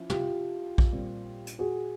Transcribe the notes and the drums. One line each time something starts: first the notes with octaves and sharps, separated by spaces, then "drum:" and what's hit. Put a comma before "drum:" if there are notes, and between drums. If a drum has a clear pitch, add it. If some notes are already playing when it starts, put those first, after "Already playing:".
Already playing: F3 C#4 E4
F4 G4, drum: tom
drum: kick A#1
A#2 G3 C4
drum: hi-hat
F#4 G#4